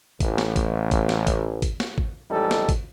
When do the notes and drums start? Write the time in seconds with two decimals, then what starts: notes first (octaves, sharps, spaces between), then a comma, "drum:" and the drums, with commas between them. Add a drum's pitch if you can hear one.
0.20 A1, drum: kick, hi-hat
0.38 drum: snare
0.56 drum: kick, hi-hat
0.91 drum: kick, hi-hat
1.09 drum: snare
1.27 drum: kick, hi-hat
1.62 drum: kick, hi-hat
1.80 drum: snare
1.98 drum: kick
2.30 A1 F2 G3 G#3 D#4 A4
2.51 drum: snare
2.69 drum: kick, hi-hat